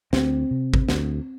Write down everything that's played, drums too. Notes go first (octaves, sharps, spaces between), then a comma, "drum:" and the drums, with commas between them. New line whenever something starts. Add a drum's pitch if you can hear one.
D2 C4, drum: snare
C3
drum: kick G#1
D2, drum: snare